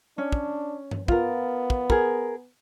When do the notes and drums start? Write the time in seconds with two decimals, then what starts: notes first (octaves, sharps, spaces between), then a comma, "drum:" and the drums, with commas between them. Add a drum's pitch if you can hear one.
0.18 C#4 D4
0.32 drum: kick
0.91 drum: tom G2
1.08 B3 F4 A#4, drum: kick
1.70 drum: kick
1.90 G#4 A#4, drum: kick